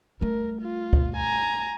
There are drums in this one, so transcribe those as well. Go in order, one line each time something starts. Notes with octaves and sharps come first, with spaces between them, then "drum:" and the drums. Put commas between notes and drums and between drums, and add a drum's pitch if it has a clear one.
G3 A3 A#4
F4
drum: kick C#2
G#5 A#5